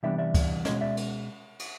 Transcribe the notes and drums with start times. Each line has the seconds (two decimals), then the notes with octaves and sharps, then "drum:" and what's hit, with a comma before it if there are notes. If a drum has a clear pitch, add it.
0.03 C3 E3 G3 B3 D4 D5 E5
0.18 D5 E5
0.34 drum: kick C#2, cymbal
0.65 B2 G#3 C#4 C#5 D#5, drum: snare
0.81 D5 E5
0.97 drum: cymbal
1.59 drum: cymbal